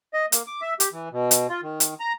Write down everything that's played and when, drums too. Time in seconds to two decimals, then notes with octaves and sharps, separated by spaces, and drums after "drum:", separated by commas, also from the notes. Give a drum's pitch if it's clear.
0.14 D#5
0.32 A#3, drum: hi-hat
0.47 D6
0.62 E5
0.80 G4, drum: hi-hat
0.93 E3
1.12 B2
1.31 drum: hi-hat
1.49 F4
1.63 D#3
1.80 drum: hi-hat
2.00 A#5